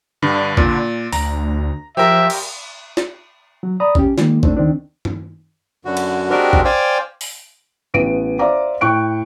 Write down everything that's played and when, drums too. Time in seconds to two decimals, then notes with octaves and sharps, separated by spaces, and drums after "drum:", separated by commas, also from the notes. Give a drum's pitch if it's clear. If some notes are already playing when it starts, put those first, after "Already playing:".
0.22 G2 D3
0.57 A#2, drum: kick A1
1.13 D2 A#5, drum: open hi-hat
1.97 F3 G4 A#4 E5
2.30 drum: cymbal
2.97 drum: snare
3.63 F#3
3.80 D5 A#5 B5 D#6
3.95 C#4 G4, drum: kick A1
4.18 D#3 G#3 A#3, drum: snare
4.43 A3 C4 D4, drum: kick A1
4.57 D2 D#3 C4 D4
5.05 drum: tom G2
5.85 F#2 D3 F#4
5.97 drum: cymbal
6.30 G#3 C4 D4 F#4 G4 A#4
6.53 drum: kick A1
6.65 C5 D5 F5 G5 G#5
7.21 drum: open hi-hat
7.94 A1 B3 D7 D#7
8.39 C5 D5 E5 F5 A#5 D6
8.81 A2 G5 C#6 F#6 D7